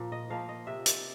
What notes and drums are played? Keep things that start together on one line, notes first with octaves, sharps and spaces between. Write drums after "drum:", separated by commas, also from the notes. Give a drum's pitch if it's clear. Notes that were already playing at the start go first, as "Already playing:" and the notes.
Already playing: A#2 F3
D#5
F3 A#3 F5
D#5
C3 E5
D5, drum: hi-hat